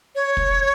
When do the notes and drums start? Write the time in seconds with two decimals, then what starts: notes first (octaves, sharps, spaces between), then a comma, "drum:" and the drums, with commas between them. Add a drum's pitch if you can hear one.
0.16 C#5
0.37 drum: kick